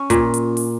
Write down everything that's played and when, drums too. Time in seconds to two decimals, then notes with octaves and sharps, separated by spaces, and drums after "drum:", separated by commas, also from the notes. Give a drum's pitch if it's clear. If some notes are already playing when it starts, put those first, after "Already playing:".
Already playing: C#4
0.10 A#2, drum: kick, hi-hat
0.34 drum: hi-hat
0.57 drum: open hi-hat